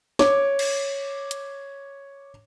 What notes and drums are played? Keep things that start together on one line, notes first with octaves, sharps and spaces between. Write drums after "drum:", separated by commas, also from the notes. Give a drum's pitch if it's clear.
C#5 D6, drum: snare
drum: cymbal
drum: hi-hat